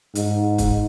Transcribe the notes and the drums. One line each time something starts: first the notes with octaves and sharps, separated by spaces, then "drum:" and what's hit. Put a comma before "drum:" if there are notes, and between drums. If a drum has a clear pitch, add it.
G#2, drum: hi-hat
drum: kick, hi-hat